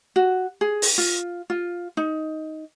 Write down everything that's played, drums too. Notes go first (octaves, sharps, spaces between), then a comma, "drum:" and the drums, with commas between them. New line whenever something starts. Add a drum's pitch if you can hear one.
F#4
G#4
drum: open hi-hat
F4
F4
D#4